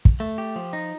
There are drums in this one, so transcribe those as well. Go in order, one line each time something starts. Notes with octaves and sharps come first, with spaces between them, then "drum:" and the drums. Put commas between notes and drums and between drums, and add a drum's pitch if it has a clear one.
drum: kick
A3
G4
F3
D#4